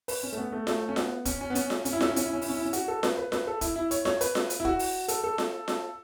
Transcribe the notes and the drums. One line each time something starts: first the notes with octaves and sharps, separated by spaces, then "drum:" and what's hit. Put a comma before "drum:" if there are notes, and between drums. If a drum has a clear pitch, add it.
B4, drum: open hi-hat
C#4
A3
B3
A3
A3, drum: snare F4
C#4
B3, drum: snare F4
C#4, drum: kick, hi-hat
C#4
B3
C#4, drum: hi-hat
drum: snare F4
C#4, drum: hi-hat
E4
C#4, drum: snare F4
E4
C#4, drum: hi-hat
E4
C#4
E4, drum: open hi-hat
C#4
E4
C#4
F#4, drum: hi-hat
A4
B4, drum: snare F4
B4
B4, drum: snare F4
A4
E4, drum: kick, hi-hat
E4
C#5, drum: hi-hat
C#5, drum: snare F4
B4, drum: hi-hat
drum: snare F4
drum: hi-hat
E4
F#4, drum: kick
drum: open hi-hat
A4, drum: hi-hat
A4
drum: snare F4
drum: snare F4